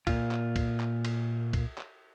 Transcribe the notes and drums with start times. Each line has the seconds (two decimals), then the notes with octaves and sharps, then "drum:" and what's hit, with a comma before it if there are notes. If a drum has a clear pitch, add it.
0.07 A#2 F4, drum: kick C2, cymbal
0.31 drum: clap
0.56 drum: kick C2, cymbal
0.80 drum: clap
1.05 drum: cymbal
1.53 drum: kick C2, cymbal
1.78 drum: clap